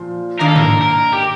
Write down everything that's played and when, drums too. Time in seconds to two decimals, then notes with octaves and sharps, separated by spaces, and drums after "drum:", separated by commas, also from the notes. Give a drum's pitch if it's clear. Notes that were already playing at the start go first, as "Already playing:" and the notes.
Already playing: A#2 F3
0.40 D#3 A#3 D4 A#4
0.48 A4
0.56 A#4, drum: tom G#2
0.82 A#4
1.12 G4